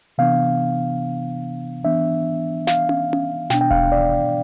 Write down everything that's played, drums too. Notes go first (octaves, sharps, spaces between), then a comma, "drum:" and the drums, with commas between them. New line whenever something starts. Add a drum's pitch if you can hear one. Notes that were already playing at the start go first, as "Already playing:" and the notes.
C3 E3 B3 D4 F5
E3 B3 D4 E5
F5, drum: snare
drum: tom C#4
drum: tom C#4
B2 B3 D4 G5, drum: snare
G5
F5, drum: kick D#1
D5